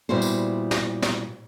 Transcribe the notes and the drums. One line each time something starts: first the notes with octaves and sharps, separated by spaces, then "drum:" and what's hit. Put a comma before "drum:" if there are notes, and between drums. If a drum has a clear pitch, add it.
A#2 G3 B3 E4 F#4 C5
drum: tambourine
drum: snare
drum: snare